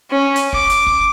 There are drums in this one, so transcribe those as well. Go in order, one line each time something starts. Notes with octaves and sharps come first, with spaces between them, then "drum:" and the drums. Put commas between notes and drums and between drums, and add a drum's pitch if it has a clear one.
C#4
drum: hi-hat
D6, drum: kick
drum: hi-hat
drum: kick